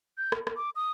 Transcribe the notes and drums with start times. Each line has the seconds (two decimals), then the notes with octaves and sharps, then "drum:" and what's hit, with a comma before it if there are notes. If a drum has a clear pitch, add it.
0.18 G6
0.32 drum: rim click
0.47 drum: rim click
0.56 D6
0.76 D#6